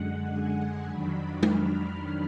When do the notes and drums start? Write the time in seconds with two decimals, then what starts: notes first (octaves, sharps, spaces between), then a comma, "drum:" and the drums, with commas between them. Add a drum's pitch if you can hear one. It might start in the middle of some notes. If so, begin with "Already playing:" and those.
Already playing: F#2 D3 G#3 F#5
0.31 G#5
0.87 F2 D#3 F#3 D4 B5
1.43 F6, drum: tom G#3